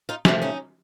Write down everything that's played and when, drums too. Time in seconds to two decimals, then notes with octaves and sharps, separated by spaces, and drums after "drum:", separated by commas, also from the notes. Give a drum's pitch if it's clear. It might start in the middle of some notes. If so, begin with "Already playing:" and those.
0.09 D#4 F4
0.25 C3 F3 A3 D4 E4, drum: snare
0.42 C#4 D#4